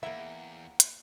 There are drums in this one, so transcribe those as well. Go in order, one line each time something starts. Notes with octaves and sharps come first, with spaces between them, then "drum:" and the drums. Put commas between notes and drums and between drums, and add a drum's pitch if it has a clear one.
E2 A#3 E4 E5 F#5 G5 A#5
drum: hi-hat